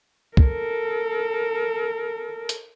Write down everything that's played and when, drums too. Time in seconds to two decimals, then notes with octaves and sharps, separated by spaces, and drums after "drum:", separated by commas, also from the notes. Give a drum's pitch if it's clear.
0.37 A4 A#4, drum: kick
2.49 drum: hi-hat